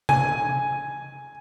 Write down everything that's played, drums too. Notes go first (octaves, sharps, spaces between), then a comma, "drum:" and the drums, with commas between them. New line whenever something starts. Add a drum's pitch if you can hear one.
G#5, drum: tom C3